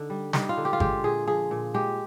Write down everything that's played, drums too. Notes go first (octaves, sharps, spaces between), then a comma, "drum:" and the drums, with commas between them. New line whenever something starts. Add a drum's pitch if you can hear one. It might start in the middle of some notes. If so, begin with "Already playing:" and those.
Already playing: D3 D#4
G3
G3 D#4, drum: snare
F4
D3
G4
F4
G#3 G4, drum: kick G#1
A#2 G#4
F3 G#4
A#2
G#3 G4